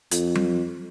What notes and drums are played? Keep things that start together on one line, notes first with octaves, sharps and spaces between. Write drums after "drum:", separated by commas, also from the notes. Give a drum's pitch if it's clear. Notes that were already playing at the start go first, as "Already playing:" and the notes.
F2, drum: hi-hat
drum: tom F#3